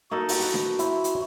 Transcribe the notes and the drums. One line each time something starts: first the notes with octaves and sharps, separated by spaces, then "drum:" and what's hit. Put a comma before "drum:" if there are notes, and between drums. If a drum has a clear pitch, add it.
A#3 D#4 F#4 A4
drum: open hi-hat
B4
drum: snare D4
E4 C5 E5, drum: hi-hat
drum: hi-hat